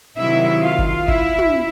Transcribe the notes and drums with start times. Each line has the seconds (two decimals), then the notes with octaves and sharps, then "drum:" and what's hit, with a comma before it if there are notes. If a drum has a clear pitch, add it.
0.18 C3 D#3 F#3 E4 E5
0.63 F4 F5
0.78 drum: kick G1
1.08 E4 E5, drum: kick G1
1.39 drum: tom